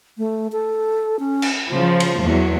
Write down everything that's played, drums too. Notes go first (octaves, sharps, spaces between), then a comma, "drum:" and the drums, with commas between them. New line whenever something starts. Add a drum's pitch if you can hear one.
A3
A4
C#4
drum: cymbal
C#3 F3
drum: cymbal
E2 F#3